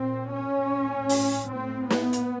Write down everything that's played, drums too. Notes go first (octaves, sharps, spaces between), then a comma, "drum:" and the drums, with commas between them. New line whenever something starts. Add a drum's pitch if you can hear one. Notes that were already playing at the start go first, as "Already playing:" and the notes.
Already playing: A#2 C4
C#4
A2
drum: open hi-hat
A2 C4
B3, drum: snare
drum: hi-hat